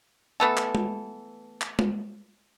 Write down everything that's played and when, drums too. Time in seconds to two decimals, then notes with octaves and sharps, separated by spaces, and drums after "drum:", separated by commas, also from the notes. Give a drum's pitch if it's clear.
0.40 E3 A3 B3 A4
0.57 drum: clap
0.75 drum: tom G#3
1.61 drum: clap
1.79 drum: tom G#3